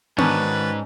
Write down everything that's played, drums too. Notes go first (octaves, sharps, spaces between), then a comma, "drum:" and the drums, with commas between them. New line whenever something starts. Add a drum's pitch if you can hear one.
G#2 D#3 C#4 D4 F#4 B4 A6, drum: tom B3